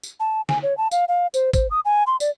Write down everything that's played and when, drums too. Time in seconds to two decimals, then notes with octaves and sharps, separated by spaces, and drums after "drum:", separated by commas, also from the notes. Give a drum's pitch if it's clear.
0.03 drum: tambourine
0.20 A5
0.49 G#5, drum: snare
0.63 C#5
0.77 A5
0.91 F5, drum: tambourine
1.08 F5
1.34 C5, drum: tambourine
1.53 C5, drum: kick, tambourine
1.71 D#6
1.85 G#5
2.07 C6
2.20 D5, drum: tambourine